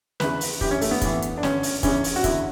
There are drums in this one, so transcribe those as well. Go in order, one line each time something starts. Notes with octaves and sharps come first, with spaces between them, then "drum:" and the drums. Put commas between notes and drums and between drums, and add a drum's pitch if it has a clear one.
E2 C#3 E3 B4, drum: snare
drum: open hi-hat
F#2 E3 G4, drum: kick
C#4
A3, drum: open hi-hat
B3
A2 E3, drum: kick, hi-hat
drum: hi-hat
D4
G2 D3 C#4, drum: snare
drum: open hi-hat
E2 C#3 E3 C#4, drum: kick, hi-hat
drum: open hi-hat
F#4
E2 D3 E4, drum: kick, hi-hat